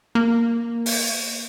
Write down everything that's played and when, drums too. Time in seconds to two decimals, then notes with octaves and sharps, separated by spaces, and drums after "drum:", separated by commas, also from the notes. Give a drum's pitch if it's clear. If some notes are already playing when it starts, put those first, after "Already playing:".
0.15 A#3
0.86 drum: open hi-hat